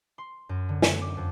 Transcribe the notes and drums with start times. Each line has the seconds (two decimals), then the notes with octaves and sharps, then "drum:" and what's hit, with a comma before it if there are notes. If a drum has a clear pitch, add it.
0.18 C6
0.49 F#2
0.69 D3
0.82 F#3, drum: snare
1.01 D6
1.17 F2